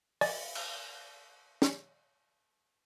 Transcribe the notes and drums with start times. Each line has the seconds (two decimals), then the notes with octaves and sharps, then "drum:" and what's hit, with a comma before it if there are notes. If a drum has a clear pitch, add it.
0.21 D5 D#5 G#5, drum: open hi-hat
0.55 drum: cymbal
1.62 drum: snare